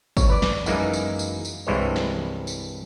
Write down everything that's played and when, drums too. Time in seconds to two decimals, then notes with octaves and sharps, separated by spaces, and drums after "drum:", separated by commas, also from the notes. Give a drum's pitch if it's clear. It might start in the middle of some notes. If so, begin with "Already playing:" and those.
0.17 C#5, drum: kick, tambourine
0.30 B4 D5
0.42 drum: snare
0.66 F#2 E3 G#3 A#3 D#4, drum: tambourine
0.93 drum: tambourine
1.19 drum: tambourine
1.45 drum: tambourine
1.67 C2 G2 E3 G#3 C5 C#5
1.96 drum: snare
2.47 drum: tambourine